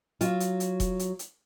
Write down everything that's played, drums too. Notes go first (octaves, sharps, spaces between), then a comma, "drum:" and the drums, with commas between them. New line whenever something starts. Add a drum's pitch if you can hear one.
F#3 F4, drum: hi-hat
drum: hi-hat
drum: hi-hat
drum: kick E1, hi-hat
drum: hi-hat
drum: hi-hat